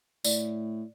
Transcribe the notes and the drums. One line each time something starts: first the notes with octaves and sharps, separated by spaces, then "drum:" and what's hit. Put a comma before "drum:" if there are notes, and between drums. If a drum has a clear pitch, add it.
A2 D5, drum: tambourine